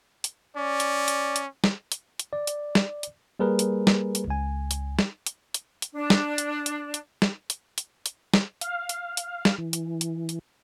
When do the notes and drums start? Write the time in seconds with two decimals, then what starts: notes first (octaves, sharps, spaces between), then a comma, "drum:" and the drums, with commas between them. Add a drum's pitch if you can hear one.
0.24 drum: hi-hat
0.57 C#4 D5
0.80 drum: hi-hat
1.08 drum: hi-hat
1.36 drum: hi-hat
1.64 drum: snare
1.92 drum: hi-hat
2.19 drum: hi-hat
2.33 D5
2.47 drum: hi-hat
2.75 drum: snare
3.03 drum: hi-hat
3.39 G3 A#3 G#4 A#4 B4
3.59 drum: hi-hat
3.87 drum: snare
4.15 drum: hi-hat
4.28 C#2 G#5
4.71 drum: hi-hat
4.99 drum: snare
5.27 drum: hi-hat
5.54 drum: hi-hat
5.82 drum: hi-hat
5.94 D4
6.10 drum: snare
6.38 drum: hi-hat
6.66 drum: hi-hat
6.94 drum: hi-hat
7.22 drum: snare
7.50 drum: hi-hat
7.78 drum: hi-hat
8.06 drum: hi-hat
8.34 drum: snare
8.61 F5, drum: hi-hat
8.89 drum: hi-hat
9.17 drum: hi-hat
9.45 drum: snare
9.58 E3
9.73 drum: hi-hat
10.01 drum: hi-hat
10.29 drum: hi-hat